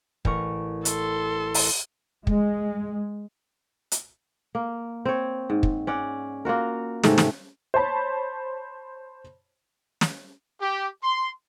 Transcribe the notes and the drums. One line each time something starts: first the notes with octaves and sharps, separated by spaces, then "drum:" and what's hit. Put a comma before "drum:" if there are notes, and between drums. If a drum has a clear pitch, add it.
A1 A#4 C#6, drum: kick
A4 C6, drum: hi-hat
drum: open hi-hat
G#3, drum: kick
drum: hi-hat
A#3
C4 C#5
G#2
drum: kick
C#4 D5 F#5
A#3 F4 F#4 A#4
G#2 C3 A3 C#4, drum: snare
drum: snare
C5 C#5 A5 B5
drum: snare
G4
C6